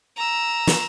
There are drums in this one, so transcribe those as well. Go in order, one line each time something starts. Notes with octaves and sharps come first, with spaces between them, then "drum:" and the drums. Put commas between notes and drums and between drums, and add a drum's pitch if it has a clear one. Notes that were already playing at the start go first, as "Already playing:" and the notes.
A#5 E6
drum: snare